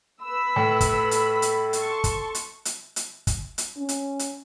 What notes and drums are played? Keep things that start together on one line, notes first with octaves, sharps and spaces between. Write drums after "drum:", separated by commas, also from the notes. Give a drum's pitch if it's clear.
B4 B5 E6
A2 A4
drum: kick, hi-hat
drum: hi-hat
drum: hi-hat
A5 C6 C#6, drum: hi-hat
drum: kick, hi-hat
drum: hi-hat
drum: hi-hat
drum: hi-hat
drum: kick, hi-hat
drum: hi-hat
C#4
drum: hi-hat
drum: hi-hat